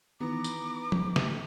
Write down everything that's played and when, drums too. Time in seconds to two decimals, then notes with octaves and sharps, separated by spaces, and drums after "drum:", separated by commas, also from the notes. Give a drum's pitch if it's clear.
0.20 D#3 E3 B3 A#5 D6
0.44 drum: tambourine
0.92 drum: tom F3
1.16 drum: snare